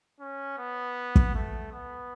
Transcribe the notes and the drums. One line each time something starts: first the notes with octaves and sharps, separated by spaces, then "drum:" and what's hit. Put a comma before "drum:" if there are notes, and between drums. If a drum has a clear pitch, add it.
C#4
B3
drum: kick
A3
B3